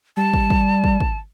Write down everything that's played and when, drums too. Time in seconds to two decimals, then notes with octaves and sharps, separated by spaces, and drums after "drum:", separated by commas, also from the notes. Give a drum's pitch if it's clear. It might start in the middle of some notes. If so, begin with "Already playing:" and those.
0.17 G3 A5
0.34 drum: kick
0.50 drum: kick
0.84 drum: kick
1.00 drum: kick